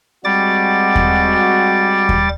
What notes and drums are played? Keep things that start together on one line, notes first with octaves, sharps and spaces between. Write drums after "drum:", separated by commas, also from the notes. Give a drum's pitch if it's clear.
G3 G#3 C4 F#4 D6 A6
drum: kick D#2
drum: kick D#2